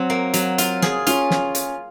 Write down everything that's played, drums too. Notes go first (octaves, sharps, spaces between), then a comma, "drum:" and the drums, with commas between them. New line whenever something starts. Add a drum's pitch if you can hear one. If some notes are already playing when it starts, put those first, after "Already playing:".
Already playing: F#3 C4
A#3
F#3, drum: hi-hat
F4, drum: hi-hat
G#4, drum: snare
C#4 F4, drum: hi-hat
drum: snare
drum: hi-hat